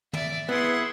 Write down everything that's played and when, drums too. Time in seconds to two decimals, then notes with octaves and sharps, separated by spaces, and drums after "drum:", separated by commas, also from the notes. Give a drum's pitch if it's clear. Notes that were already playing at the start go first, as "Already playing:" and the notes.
0.13 D5 E5, drum: tom
0.49 B3 E4 G#4 F#5 C6